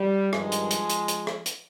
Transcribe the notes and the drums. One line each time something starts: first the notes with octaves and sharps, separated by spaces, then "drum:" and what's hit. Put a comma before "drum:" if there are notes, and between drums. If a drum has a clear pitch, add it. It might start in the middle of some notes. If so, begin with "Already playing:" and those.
Already playing: G3
G2 D#3 F3 G#3, drum: rim click
drum: hi-hat
drum: hi-hat
drum: hi-hat
drum: hi-hat
drum: rim click
drum: hi-hat